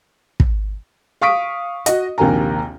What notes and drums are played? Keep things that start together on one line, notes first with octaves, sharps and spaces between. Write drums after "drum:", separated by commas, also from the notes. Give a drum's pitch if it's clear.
drum: kick
F5 C#6 D#6 B6 D7
F#4 D#5, drum: hi-hat
A#1 D#2 C3 A#3 G#5 A#5